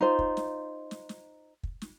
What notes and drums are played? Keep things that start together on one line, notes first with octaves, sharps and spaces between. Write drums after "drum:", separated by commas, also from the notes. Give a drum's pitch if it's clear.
D#4 F4 C5
drum: kick
drum: snare
drum: snare
drum: snare
drum: kick
drum: snare